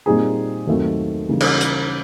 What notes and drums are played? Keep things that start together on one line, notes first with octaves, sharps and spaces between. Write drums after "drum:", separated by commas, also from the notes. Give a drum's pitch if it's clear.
A#2 G3 C4 D#4 G#4
D#2 D#3 F#3 A3 C4
C#3 E3 G3 A#3 D#4
drum: cymbal
drum: hi-hat